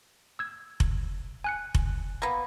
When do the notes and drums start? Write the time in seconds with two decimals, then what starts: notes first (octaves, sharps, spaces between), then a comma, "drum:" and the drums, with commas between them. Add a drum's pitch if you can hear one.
0.39 E6 G#6
0.80 drum: kick F1
1.44 G#5 F#6 C#7
1.75 drum: kick F1
2.22 A#3 B3